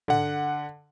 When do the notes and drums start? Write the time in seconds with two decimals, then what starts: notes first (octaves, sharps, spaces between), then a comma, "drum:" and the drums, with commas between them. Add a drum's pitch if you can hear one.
0.08 D3 F#5, drum: tom